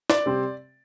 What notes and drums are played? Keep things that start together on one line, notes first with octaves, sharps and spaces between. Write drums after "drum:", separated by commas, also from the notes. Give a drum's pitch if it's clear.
D5, drum: snare
C3 G3 C4